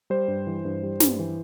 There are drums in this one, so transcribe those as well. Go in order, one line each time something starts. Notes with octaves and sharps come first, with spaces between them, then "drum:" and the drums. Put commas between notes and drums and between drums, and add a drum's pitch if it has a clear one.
G3 C5
G2
E3
G2
G3
G2, drum: snare
E3